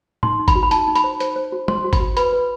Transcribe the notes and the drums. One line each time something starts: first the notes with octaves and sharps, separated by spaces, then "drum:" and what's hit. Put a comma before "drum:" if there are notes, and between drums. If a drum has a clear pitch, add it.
D#4 C6, drum: tom
D#4
B5, drum: kick G1, hi-hat
F#4
B5
D#4 A5, drum: hi-hat
D#4
B5, drum: hi-hat
C5
C5, drum: hi-hat
C5
F#4
C5 C6, drum: tom
F#4
B5, drum: kick G1, hi-hat
F#4
B4 B5, drum: hi-hat
B4